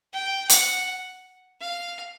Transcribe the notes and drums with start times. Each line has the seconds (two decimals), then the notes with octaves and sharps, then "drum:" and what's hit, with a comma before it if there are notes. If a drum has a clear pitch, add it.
0.13 G5
0.50 F#5, drum: hi-hat
1.60 F5